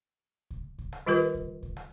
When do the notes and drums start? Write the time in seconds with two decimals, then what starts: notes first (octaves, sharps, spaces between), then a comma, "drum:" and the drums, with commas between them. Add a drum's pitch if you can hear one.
0.50 drum: kick C#2
0.78 drum: kick C#2
0.92 drum: rim click
1.07 D#3 G3 F4 G4 A#4 B4
1.35 drum: kick C#2
1.63 drum: kick C#2
1.77 drum: rim click